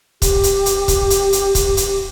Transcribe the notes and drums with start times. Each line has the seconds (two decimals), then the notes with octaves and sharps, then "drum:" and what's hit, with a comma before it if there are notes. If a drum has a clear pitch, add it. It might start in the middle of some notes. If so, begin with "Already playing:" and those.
0.22 G4, drum: kick C#1, hi-hat
0.43 drum: hi-hat
0.66 drum: hi-hat
0.88 drum: kick C#1, hi-hat
1.10 drum: hi-hat
1.33 drum: hi-hat
1.55 drum: kick C#1, hi-hat
1.77 drum: hi-hat